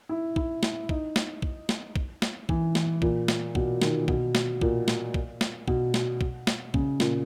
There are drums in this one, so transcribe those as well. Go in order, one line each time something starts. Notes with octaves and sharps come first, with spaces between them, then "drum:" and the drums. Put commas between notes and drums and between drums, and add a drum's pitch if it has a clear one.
E4
E4, drum: kick
drum: snare
D#4, drum: kick
drum: snare
drum: kick
drum: snare
drum: kick
drum: snare
E3, drum: kick
drum: snare
A#2, drum: kick
drum: snare
B2, drum: kick
D#3, drum: snare
B2, drum: kick
drum: snare
A#2, drum: kick
drum: snare
drum: kick
drum: snare
B2, drum: kick
drum: snare
drum: kick
drum: snare
C#3, drum: kick
A#2, drum: snare